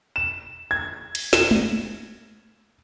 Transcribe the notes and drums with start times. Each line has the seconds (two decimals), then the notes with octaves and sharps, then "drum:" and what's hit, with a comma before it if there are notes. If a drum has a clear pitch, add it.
0.16 E7
0.71 G#6
1.15 drum: cymbal
1.33 E7, drum: snare
1.51 drum: tom